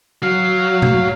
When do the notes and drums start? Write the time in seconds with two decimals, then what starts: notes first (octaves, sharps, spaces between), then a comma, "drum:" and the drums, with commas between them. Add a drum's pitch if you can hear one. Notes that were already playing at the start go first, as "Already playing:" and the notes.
0.23 F#3 F5
0.82 drum: tom B2